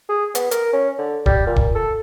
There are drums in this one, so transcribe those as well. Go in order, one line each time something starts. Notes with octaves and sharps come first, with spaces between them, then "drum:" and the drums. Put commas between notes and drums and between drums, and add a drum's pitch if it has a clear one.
G#4
B3, drum: hi-hat
A#4, drum: hi-hat
C#4
D3
G3, drum: kick
A#2
drum: kick
A4